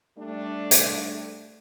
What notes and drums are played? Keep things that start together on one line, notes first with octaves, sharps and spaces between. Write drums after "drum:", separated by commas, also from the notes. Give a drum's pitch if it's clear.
G3 A3 D4
drum: hi-hat